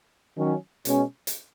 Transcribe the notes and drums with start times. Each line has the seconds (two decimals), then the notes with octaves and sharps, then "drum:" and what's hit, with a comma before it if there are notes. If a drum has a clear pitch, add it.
0.37 D#3 F#3 C#4
0.85 B2 G#3 C#4, drum: hi-hat
1.27 drum: hi-hat